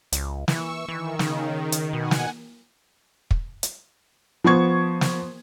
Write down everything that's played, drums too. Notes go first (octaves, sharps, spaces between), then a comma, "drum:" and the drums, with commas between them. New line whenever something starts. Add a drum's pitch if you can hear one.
C#2, drum: hi-hat
E3 C#6 E6, drum: snare
D#3 E3
C#3, drum: snare
drum: hi-hat
B2 F#5 G#5
drum: snare
drum: kick
drum: hi-hat
F3 B3 C5 C#6 G#6
drum: snare